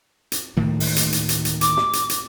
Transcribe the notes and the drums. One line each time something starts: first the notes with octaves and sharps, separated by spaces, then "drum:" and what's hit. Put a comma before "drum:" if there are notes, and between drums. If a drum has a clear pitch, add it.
drum: hi-hat
D2 A2 D#3 A#3
drum: open hi-hat
drum: hi-hat
drum: hi-hat
drum: hi-hat
drum: hi-hat
D6, drum: hi-hat
drum: snare
drum: hi-hat
drum: hi-hat